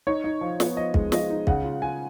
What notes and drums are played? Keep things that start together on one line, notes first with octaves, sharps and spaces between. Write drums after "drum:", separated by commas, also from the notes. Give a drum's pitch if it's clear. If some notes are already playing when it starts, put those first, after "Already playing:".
D#4 C#5
D#4
F3
B3, drum: snare
F3 D#5
G#3, drum: kick
F3 D#5, drum: snare
D#4
C#3 F#5, drum: kick
F4
F4 G#5